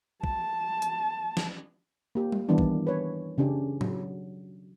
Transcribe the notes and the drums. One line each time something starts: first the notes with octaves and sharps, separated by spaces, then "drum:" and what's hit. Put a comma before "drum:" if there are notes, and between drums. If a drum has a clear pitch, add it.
A5, drum: kick
drum: hi-hat
drum: snare
A#3 G4
drum: tom G3
D#3 E3 G3 B3 D4
drum: kick
B4 C#5
C#3 C#4 D4 G4
F#3, drum: tom